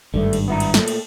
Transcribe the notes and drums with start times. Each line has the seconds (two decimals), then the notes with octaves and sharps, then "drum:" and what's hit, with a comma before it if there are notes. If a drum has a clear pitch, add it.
0.14 G#1 G2 D3 A3
0.33 drum: cymbal
0.48 B3 E4 A#5
0.60 drum: cymbal
0.74 A#2 A3 A4, drum: snare
0.88 drum: cymbal